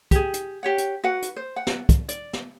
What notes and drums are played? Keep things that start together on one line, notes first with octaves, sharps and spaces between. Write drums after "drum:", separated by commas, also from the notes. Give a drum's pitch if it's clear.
G4 G#4, drum: kick, hi-hat
drum: hi-hat
G4 C#5 F#5
drum: hi-hat
F#4 B4 F#5
drum: hi-hat
C5
F#5
drum: snare
drum: kick, hi-hat
D5, drum: hi-hat
drum: snare